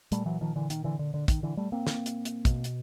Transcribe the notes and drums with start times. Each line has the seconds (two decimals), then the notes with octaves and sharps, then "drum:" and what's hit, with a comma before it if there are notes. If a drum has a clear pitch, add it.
0.12 A#2 G3 A3, drum: hi-hat
0.26 E3 F#3
0.41 D#3 F3
0.56 D3 E3
0.70 D#3, drum: hi-hat
0.84 D3 E3
0.99 D3
1.14 D3
1.28 D#3, drum: kick, hi-hat
1.43 D3 E3
1.57 G3 A3
1.72 A#3 C4
1.87 drum: snare
2.06 drum: hi-hat
2.25 drum: hi-hat
2.45 B2, drum: kick, hi-hat
2.64 drum: hi-hat